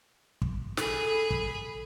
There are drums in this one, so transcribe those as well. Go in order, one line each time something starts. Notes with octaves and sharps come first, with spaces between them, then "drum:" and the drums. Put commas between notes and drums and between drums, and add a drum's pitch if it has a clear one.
drum: kick
G#4 A4 B5, drum: snare
drum: kick